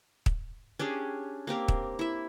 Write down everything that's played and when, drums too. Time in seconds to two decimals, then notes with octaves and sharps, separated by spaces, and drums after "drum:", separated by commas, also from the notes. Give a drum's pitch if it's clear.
0.26 drum: kick
0.79 C#4 D4 G4 G#4
1.47 A#3 C4 G4 A#4
1.68 drum: kick
1.99 E4 E5